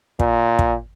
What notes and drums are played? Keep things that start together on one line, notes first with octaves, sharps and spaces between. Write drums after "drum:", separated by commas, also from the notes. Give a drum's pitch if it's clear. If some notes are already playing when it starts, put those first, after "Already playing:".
A#2, drum: kick
drum: kick